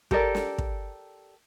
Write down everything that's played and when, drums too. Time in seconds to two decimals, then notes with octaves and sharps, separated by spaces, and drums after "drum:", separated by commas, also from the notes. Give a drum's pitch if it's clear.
0.11 G4 A4 A#4 D5, drum: kick
0.35 drum: snare
0.58 drum: kick